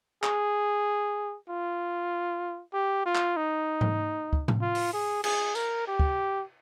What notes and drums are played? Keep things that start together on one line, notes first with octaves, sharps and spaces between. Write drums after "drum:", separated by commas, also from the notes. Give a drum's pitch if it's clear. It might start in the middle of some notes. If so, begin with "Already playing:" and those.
G#4, drum: clap
F4
G4
F4
drum: clap
D#4
drum: tom G#2
drum: kick
drum: tom A2
F4
drum: open hi-hat
G#4
G#4, drum: cymbal
A#4, drum: tambourine
G4
drum: kick